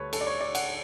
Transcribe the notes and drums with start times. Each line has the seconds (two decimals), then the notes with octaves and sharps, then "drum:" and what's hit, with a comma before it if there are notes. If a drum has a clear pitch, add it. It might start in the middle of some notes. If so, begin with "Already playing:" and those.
Already playing: D2 G3 A4 B4 C#5
0.13 A4, drum: cymbal
0.21 D5
0.27 C#5
0.41 D5
0.55 F#5, drum: cymbal